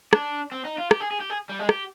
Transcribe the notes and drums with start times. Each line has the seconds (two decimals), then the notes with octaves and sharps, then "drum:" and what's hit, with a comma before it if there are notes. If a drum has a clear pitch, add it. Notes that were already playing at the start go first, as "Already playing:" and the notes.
0.13 D4, drum: rim click
0.52 C4
0.65 D#4
0.78 F4
0.91 G4, drum: rim click
1.00 G#4
1.11 G#4
1.20 G4
1.30 G#4
1.49 G3
1.59 G#3
1.69 G4, drum: rim click